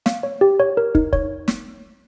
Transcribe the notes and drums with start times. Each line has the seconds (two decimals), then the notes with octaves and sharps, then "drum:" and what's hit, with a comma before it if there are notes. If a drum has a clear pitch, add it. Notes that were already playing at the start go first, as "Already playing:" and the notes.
0.06 F5, drum: snare
0.23 C#5
0.41 G4
0.60 C#5
0.77 A#4
0.95 D#4, drum: kick
1.13 C#5, drum: kick
1.48 drum: snare